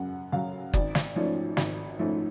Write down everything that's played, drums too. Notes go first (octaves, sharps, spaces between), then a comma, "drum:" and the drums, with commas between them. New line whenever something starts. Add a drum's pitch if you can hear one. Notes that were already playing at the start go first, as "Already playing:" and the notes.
Already playing: F#2 C#3 F#5
C#3 F#3 C#4 F5
G#1 D5, drum: kick F#1
drum: snare
G#2 F3 A3 C#4 D5
G#1, drum: snare
G#2 F3 A3 C#4